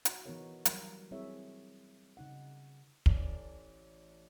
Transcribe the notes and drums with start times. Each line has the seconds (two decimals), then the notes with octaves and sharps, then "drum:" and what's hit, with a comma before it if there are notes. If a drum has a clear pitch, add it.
0.05 F#4, drum: hi-hat
0.26 E3 B3 D#4 F#4 A#4 C#5
0.65 E3 F#3 G3 B3 F#4 A#4, drum: hi-hat
1.11 G3 C4 E4 G#4 C#5 E5
2.17 C#3 D#4 F#5
3.06 A1 D5, drum: kick